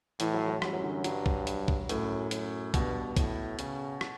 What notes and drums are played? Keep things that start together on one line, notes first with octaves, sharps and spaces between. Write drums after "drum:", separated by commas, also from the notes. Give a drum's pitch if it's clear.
A2 E3, drum: hi-hat
F#3
F#3
F#2 G3, drum: rim click
F#3
D3
G2 F#3, drum: hi-hat
drum: kick A#1
drum: hi-hat
drum: kick A#1
F#2 A2, drum: hi-hat
F#2, drum: hi-hat
G2 B2, drum: kick A#1, hi-hat
A2, drum: kick A#1, hi-hat
C#3, drum: hi-hat
drum: rim click